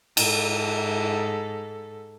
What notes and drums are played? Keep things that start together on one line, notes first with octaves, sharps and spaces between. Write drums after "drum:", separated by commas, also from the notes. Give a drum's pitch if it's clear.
G#2 A4, drum: cymbal